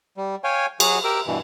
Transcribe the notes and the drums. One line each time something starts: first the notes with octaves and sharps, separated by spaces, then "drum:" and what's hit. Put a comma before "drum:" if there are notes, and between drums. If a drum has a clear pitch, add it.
G3
C#5 F5 G5 G#5
F#3 F#4 G#4, drum: cymbal
G4 A#4 D6 E6
G2 B2 E3